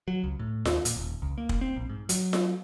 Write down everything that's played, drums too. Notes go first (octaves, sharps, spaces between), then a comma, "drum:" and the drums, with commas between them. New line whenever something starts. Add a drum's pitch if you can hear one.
F#3
C#2
A2
D#2, drum: snare F4
A#2, drum: hi-hat
D#1
C#2
A#3
drum: kick
C4
A#1
G#2
F#3, drum: hi-hat
drum: snare F4